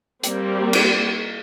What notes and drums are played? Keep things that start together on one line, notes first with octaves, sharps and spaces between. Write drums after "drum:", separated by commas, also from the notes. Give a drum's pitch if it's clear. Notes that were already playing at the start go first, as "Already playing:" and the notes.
G3 A#3 C4 G4, drum: hi-hat
drum: cymbal